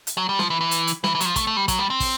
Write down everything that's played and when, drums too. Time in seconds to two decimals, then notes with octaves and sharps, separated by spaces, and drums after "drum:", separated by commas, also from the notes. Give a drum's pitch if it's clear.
0.07 drum: hi-hat
0.18 F#3
0.29 G3
0.39 F3, drum: snare
0.50 E3
0.61 E3
0.71 drum: hi-hat
0.87 drum: hi-hat
1.04 E3, drum: snare
1.15 E3
1.21 F#3, drum: hi-hat
1.25 F3
1.36 A3, drum: kick, hi-hat
1.47 A3
1.57 G3
1.68 F#3, drum: kick, hi-hat
1.79 G3
1.90 C4
2.00 drum: kick, open hi-hat